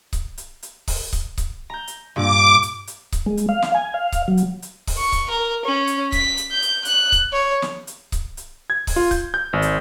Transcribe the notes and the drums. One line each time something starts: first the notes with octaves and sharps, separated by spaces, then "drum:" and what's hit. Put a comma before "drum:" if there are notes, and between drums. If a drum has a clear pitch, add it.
drum: kick C#1, hi-hat
drum: hi-hat
drum: hi-hat
drum: kick C#1, open hi-hat
drum: kick C#1, hi-hat
drum: kick C#1, hi-hat
A#5 G6
drum: hi-hat
G2 A#2 D6
drum: hi-hat
drum: hi-hat
drum: kick C#1, hi-hat
G#3
drum: hi-hat
F5
drum: snare
G#5
F5
drum: kick C#1, hi-hat
F#3
drum: hi-hat
drum: hi-hat
drum: kick C#1, open hi-hat
C#6
drum: kick C#1, hi-hat
A#4
C#4
drum: hi-hat
B6, drum: kick C#1, hi-hat
drum: hi-hat
G6
drum: hi-hat
F#6, drum: hi-hat
drum: kick C#1, hi-hat
C#5
drum: snare
drum: hi-hat
drum: kick C#1, hi-hat
drum: hi-hat
G#6
drum: kick C#1, open hi-hat
F4
G6, drum: kick C#1, hi-hat
G6
G#1
drum: hi-hat